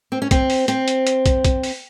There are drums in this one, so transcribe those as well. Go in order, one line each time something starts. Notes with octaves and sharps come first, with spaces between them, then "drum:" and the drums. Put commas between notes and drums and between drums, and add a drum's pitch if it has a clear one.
C4
C#4
C4, drum: kick, hi-hat
drum: open hi-hat
C4, drum: hi-hat
drum: hi-hat
drum: hi-hat
drum: kick, hi-hat
drum: kick, hi-hat
drum: open hi-hat